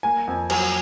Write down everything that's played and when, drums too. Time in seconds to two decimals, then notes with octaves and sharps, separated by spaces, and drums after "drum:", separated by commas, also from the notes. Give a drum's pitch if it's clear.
0.03 A#3 G#5
0.27 F2
0.50 F#3 G#5, drum: cymbal